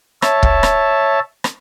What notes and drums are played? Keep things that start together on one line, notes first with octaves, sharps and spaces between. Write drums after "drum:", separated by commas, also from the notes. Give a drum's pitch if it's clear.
C#5 E5 A5, drum: rim click
drum: kick
drum: rim click
drum: rim click